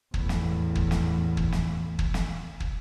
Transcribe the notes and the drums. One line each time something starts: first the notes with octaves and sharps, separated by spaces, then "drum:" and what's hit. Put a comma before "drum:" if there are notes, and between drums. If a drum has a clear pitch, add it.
E2 A2, drum: kick
drum: snare
drum: kick
drum: snare
drum: kick
drum: snare
drum: kick
drum: snare
drum: kick